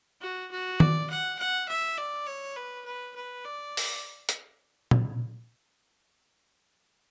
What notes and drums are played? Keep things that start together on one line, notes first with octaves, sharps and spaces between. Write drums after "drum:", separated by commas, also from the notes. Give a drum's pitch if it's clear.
F#4
F#4
D5, drum: tom D#3
F#5
F#5
E5
D5
C#5
B4
B4
B4
D5
drum: open hi-hat
drum: hi-hat
drum: tom